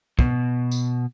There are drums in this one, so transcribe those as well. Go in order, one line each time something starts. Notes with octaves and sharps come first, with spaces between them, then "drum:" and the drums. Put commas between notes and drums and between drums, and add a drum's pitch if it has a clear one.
B2, drum: kick
drum: tambourine